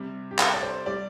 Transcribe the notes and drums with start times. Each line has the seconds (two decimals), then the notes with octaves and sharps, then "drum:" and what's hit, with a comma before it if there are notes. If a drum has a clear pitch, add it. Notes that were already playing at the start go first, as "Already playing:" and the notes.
Already playing: C3 G3
0.31 G4
0.39 A4, drum: clap
0.54 D5
0.63 C5
0.86 G3 D5